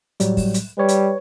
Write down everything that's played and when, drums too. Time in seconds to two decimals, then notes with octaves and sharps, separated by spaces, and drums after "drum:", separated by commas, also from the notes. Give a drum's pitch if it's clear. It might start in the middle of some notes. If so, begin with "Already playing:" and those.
0.20 A2 F#3 G3, drum: hi-hat
0.37 drum: kick, open hi-hat
0.54 drum: hi-hat
0.78 G3 B4 C#5
0.88 drum: hi-hat